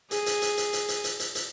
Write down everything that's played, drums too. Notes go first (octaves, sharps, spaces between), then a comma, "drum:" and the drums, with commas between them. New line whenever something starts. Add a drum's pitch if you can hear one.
G#4, drum: hi-hat
drum: hi-hat
drum: hi-hat
drum: hi-hat
drum: hi-hat
drum: hi-hat
drum: hi-hat
drum: hi-hat
drum: hi-hat